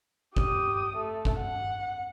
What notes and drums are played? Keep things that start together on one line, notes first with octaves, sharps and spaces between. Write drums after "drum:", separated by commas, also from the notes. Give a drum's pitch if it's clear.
G4 D#6, drum: kick G1
A3
drum: kick G1
F#5